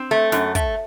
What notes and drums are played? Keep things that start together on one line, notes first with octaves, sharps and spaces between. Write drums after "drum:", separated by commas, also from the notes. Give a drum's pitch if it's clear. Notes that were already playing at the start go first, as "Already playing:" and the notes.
Already playing: C4
A3
F#2, drum: snare
A3, drum: kick, hi-hat